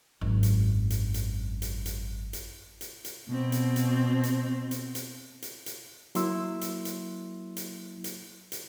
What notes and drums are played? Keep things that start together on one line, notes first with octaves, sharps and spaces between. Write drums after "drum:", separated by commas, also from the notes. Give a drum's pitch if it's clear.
G#1 F#2
drum: hi-hat
drum: hi-hat
drum: hi-hat
drum: hi-hat
drum: hi-hat
drum: hi-hat
drum: hi-hat
drum: hi-hat
B2 C4
drum: hi-hat
drum: hi-hat
drum: hi-hat
drum: hi-hat
drum: hi-hat
drum: hi-hat
drum: hi-hat
F#3 A#3 E4 C6 E6, drum: hi-hat
drum: hi-hat
drum: hi-hat
drum: hi-hat
drum: hi-hat
drum: hi-hat